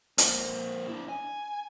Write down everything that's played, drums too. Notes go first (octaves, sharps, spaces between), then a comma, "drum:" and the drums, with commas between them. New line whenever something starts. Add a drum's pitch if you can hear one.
A#3 C4, drum: hi-hat
D4 E4
G#5